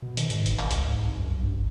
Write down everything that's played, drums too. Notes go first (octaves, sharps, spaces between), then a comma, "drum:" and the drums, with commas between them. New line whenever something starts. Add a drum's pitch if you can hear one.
B2
D#3, drum: hi-hat
G#2, drum: hi-hat
G1, drum: hi-hat
A1, drum: clap
C#2, drum: hi-hat
G#2
C2
F#2
B1
G2
G1